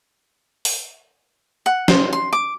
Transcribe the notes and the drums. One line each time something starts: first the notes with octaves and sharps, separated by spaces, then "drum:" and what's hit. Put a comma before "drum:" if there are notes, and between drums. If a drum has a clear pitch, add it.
drum: open hi-hat
F#5
C5, drum: snare
C6
D6